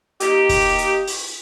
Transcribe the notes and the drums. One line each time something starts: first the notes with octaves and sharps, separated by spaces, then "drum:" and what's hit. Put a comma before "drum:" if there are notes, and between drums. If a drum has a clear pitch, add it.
A#3 D#4 G4, drum: hi-hat
drum: kick, open hi-hat
drum: hi-hat
drum: open hi-hat